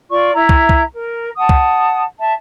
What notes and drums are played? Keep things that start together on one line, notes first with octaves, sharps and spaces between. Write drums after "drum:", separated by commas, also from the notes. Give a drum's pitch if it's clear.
F4 D5 C#6
E4 E5 A#5
drum: kick
drum: kick
A#4
F#5 A5 D#6
drum: kick
E5 A5